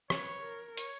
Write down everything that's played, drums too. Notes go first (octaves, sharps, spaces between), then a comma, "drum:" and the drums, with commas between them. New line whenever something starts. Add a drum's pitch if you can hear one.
B4 C#5, drum: rim click
A#4
C#5, drum: hi-hat